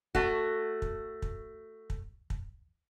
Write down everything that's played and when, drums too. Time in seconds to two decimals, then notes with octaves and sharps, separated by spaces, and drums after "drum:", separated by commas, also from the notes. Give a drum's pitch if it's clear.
0.15 A3 F#4, drum: kick
0.82 drum: kick
1.22 drum: kick
1.90 drum: kick
2.30 drum: kick